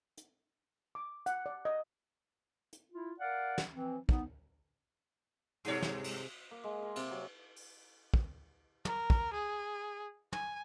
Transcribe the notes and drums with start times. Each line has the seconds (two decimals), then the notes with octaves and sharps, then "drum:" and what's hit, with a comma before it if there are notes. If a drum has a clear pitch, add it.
0.18 drum: hi-hat
0.95 D6
1.26 F#5, drum: hi-hat
1.46 D5
1.65 D#5
2.73 drum: hi-hat
2.92 E4 F4
3.20 A#4 D5 F5 F#5
3.58 drum: snare
3.75 E3 F3 C4
4.09 B3 D#4, drum: kick
5.65 G2 C3 G#3 C#5, drum: open hi-hat
5.82 drum: snare
6.04 drum: cymbal
6.51 A#3
6.64 G#3
6.82 A#4
6.96 C3, drum: cymbal
7.11 F#3
7.56 drum: open hi-hat
8.14 drum: kick
8.85 A#4, drum: tom
9.10 drum: kick
9.34 G#4
10.33 G#5, drum: tom